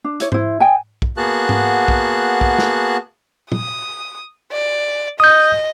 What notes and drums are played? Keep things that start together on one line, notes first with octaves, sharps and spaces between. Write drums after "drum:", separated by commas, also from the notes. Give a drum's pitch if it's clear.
D4
E4 C#5, drum: hi-hat
E4 C5, drum: tom G#2
D#5 G5 G#5
drum: kick
A#3 B3 F#4 G#4 A5 F#6
drum: tom G#2
drum: kick
drum: kick
drum: snare
D#6, drum: tom
D5
D#5 D#6 G6